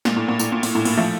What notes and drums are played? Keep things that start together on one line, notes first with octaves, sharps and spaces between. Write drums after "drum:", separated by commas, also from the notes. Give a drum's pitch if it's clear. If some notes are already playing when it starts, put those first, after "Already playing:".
A#2, drum: snare
A2
A#2
A2, drum: tambourine
A#2
A#2, drum: open hi-hat
A2
A#2, drum: cymbal
F3 A3